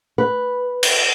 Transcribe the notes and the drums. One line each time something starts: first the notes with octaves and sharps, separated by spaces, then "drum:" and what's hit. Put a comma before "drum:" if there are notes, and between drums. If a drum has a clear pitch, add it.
B4
drum: cymbal